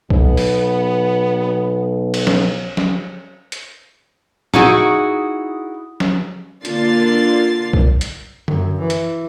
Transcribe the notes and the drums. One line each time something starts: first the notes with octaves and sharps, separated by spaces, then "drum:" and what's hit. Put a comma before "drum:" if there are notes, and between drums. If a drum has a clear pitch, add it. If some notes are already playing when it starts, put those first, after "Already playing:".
B1 B3, drum: kick
drum: open hi-hat
drum: cymbal
drum: snare
drum: snare
drum: hi-hat
D#4 E4 F#4 G#4, drum: tom
drum: snare
D3 A#3 D4 F4 A6 C7, drum: hi-hat
drum: kick
drum: hi-hat
F#2, drum: tom D3
E3
drum: hi-hat